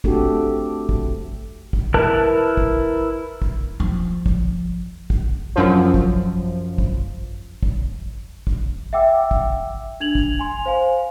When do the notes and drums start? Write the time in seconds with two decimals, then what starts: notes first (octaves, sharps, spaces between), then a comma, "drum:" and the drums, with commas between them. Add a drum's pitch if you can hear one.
0.04 A3 C4 D4 F#4 G4 A4, drum: kick
0.89 drum: kick
1.73 drum: kick
1.94 E4 A#4 B4 A5 F#6
2.57 drum: kick
3.42 drum: kick
3.80 F3
4.26 drum: kick
5.10 drum: kick
5.56 F#2 F3
5.94 drum: kick
6.78 drum: kick
7.63 drum: kick
8.47 drum: kick
8.93 E5 F#5 G5 D6 E6
9.31 drum: kick
10.00 D4 G#6 F7 F#7
10.15 drum: kick
10.39 G#5 C6 F7
10.66 C5 F5 G#5 C6